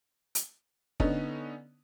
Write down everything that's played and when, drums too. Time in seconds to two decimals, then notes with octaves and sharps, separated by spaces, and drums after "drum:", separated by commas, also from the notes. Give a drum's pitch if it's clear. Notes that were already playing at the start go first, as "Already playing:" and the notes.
0.35 drum: hi-hat
1.00 D3 B3 C#4 D#4, drum: kick